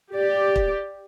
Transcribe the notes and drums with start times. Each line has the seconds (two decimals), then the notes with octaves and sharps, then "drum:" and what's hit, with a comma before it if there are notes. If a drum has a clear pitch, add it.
0.16 G4 D5
0.56 drum: kick